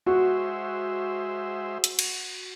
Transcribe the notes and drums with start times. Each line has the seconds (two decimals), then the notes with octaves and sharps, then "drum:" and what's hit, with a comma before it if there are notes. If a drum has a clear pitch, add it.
0.07 G#3 F#4 C5 E5
1.84 drum: hi-hat
1.99 drum: cymbal